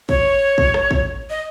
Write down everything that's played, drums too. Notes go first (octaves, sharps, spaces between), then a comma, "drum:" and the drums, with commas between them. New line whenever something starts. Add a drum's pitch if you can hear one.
C#5, drum: kick
drum: kick
drum: rim click
drum: kick
D#5